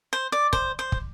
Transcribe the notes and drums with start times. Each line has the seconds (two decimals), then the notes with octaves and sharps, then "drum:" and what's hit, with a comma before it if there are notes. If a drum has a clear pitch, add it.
0.13 C5
0.32 D5
0.53 C5, drum: kick
0.79 C5
0.92 drum: kick